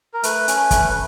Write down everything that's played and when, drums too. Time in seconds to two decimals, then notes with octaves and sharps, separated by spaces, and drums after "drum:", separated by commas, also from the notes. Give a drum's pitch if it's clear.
0.14 A#4
0.23 A3 B4, drum: hi-hat
0.48 C#4, drum: hi-hat
0.71 A3, drum: kick, hi-hat
0.90 B4